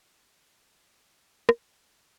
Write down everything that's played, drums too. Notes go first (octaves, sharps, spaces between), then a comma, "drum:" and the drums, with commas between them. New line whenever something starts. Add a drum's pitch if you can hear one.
D#6
D6
B5
A#5
G#5
F#5
G#5, drum: rim click
B5
A#5
B5